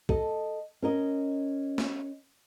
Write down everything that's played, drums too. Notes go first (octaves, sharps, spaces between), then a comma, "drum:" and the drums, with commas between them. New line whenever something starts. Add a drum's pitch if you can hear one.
A4 D#5, drum: kick
C#4 A#4 D#5
drum: snare